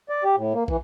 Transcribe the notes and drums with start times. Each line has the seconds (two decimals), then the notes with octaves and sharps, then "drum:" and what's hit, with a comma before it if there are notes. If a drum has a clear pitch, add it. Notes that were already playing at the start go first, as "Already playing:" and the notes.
0.09 D5
0.24 G4
0.36 A2
0.54 A#3
0.68 E3, drum: kick